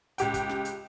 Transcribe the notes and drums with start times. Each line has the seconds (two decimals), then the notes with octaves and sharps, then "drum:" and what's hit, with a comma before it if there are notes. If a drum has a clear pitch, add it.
0.18 C#2 G4 G5, drum: hi-hat
0.34 drum: kick, hi-hat
0.49 drum: snare
0.65 drum: hi-hat